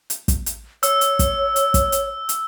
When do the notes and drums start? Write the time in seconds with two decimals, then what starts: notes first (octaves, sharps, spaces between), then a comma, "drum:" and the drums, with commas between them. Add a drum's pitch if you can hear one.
0.10 drum: hi-hat
0.28 drum: kick, hi-hat
0.46 drum: hi-hat
0.83 C#5 E6, drum: hi-hat
1.01 drum: hi-hat
1.19 drum: kick, hi-hat
1.56 drum: hi-hat
1.74 drum: kick, hi-hat
1.92 drum: hi-hat
2.29 drum: hi-hat